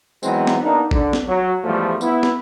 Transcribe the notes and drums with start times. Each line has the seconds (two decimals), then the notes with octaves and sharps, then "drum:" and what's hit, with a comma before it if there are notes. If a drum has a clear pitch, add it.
0.23 E3 F#3 G#3 B3 C4 D#4, drum: tambourine
0.47 drum: snare
0.63 A#3 B3 D4 D#4
0.91 D3, drum: kick
1.13 drum: snare
1.27 F#3
1.64 E2 G#2 F3 G3 A3
2.01 B3 E4, drum: tambourine
2.23 drum: snare